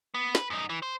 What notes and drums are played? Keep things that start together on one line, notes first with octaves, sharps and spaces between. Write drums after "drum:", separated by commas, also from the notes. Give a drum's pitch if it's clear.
B3
B4, drum: snare
F#2 D#4
E3
C5